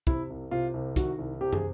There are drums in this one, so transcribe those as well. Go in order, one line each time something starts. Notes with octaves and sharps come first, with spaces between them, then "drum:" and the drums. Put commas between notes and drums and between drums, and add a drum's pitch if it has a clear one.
C3 E4, drum: kick
C2
C3 F4
C2
D#3 F#4, drum: kick, hi-hat
C2
C3 G4
G#4, drum: tom